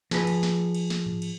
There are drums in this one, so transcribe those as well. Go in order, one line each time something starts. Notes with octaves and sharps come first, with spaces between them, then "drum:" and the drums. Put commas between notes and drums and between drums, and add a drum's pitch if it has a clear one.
F3 G#4 B4, drum: snare
drum: cymbal
drum: snare
drum: cymbal
drum: snare
drum: tom G#2
drum: cymbal